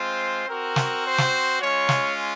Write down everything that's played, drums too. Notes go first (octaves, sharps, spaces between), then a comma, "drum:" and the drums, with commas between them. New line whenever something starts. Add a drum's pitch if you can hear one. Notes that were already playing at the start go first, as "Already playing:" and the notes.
Already playing: G#3 C4 F4 C5
C4 F#4 A#4
drum: snare
C5
drum: snare
G#3 C#4 F4 C#5
drum: snare